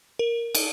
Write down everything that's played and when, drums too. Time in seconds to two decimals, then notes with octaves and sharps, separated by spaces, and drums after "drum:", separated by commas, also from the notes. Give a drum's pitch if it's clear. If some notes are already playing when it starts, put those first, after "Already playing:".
0.19 A#4
0.55 drum: cymbal